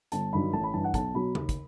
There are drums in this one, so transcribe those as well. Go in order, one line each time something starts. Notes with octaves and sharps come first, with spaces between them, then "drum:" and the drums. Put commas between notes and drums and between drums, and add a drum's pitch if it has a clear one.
G1 A5, drum: hi-hat
G2 D#3 F#3 B5
A1 A5
B5
G2 E3 A5
F#5
B1 A5, drum: kick, hi-hat
B2 F#3 B5
D#2, drum: tom C#3
drum: kick, hi-hat